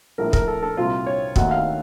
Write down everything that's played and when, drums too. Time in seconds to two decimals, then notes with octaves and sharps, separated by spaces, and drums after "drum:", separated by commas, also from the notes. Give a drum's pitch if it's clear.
0.18 A#1 A2 A3 A#4
0.33 A#4, drum: kick
0.48 A4
0.62 A4
0.77 C2 A#2 F#3 C4 F4
1.06 C#5
1.36 D#2 D#3 F#3 A3 D#4 F#5, drum: kick
1.51 F5